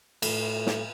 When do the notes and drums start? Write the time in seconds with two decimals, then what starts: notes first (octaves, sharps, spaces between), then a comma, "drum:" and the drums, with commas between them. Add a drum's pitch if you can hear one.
0.22 A2, drum: cymbal
0.67 drum: snare